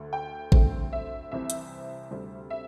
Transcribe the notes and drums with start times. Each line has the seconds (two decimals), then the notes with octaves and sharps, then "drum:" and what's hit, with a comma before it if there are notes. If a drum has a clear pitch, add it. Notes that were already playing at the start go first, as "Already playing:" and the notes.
Already playing: D2 D3 A3
0.13 G5
0.52 D2 D3 A3 C4, drum: kick G#1
0.93 E5
1.32 C2 C3 E3 C4 E5
1.50 drum: hi-hat
2.11 D2 C3 G3 C4
2.50 E5